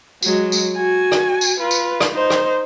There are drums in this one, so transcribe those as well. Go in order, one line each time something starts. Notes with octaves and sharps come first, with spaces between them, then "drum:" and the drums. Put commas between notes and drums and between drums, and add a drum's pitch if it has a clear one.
F#3 G#3, drum: tambourine
drum: tambourine
F#4 G#5
drum: rim click
drum: tambourine
F4 B4
drum: tambourine
drum: rim click
D#4 C5
drum: rim click